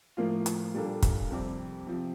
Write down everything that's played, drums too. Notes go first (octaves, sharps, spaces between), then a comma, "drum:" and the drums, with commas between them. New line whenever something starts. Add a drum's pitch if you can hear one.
A2 F3 A#3 F4
drum: hi-hat
A#2 G3 A#3 D4 A4
drum: kick, hi-hat
F2 C3 G3 C4 G4
C3 F3 C4